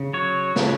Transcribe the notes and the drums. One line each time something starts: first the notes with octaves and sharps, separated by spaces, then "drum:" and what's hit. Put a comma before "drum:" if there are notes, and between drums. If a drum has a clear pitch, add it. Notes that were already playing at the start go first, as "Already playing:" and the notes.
Already playing: C#3
F#3 C#5
C#3, drum: snare